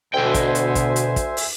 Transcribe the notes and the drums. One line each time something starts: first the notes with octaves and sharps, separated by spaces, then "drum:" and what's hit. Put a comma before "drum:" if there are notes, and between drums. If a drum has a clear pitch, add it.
D2 B2 D3 C5 E5 G5 G#5
drum: kick, hi-hat
drum: hi-hat
drum: kick, hi-hat
drum: hi-hat
drum: kick, hi-hat
drum: open hi-hat